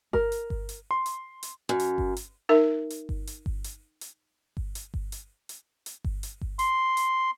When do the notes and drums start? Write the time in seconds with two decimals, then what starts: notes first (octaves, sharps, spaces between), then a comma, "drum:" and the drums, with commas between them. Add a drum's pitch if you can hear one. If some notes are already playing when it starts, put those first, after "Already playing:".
0.13 A#4, drum: kick G1
0.32 drum: hi-hat
0.50 drum: kick G1
0.69 drum: hi-hat
0.91 C6
1.06 drum: hi-hat
1.43 drum: hi-hat
1.69 F#2
1.80 drum: hi-hat
1.98 drum: kick G1
2.17 drum: hi-hat
2.49 D#4 A#4 E5
2.90 drum: hi-hat
3.09 drum: kick G1
3.27 drum: hi-hat
3.46 drum: kick G1
3.64 drum: hi-hat
4.01 drum: hi-hat
4.57 drum: kick G1
4.75 drum: hi-hat
4.94 drum: kick G1
5.12 drum: hi-hat
5.49 drum: hi-hat
5.86 drum: hi-hat
6.04 drum: kick G1
6.23 drum: hi-hat
6.41 drum: kick G1
6.59 C6, drum: hi-hat
6.97 drum: hi-hat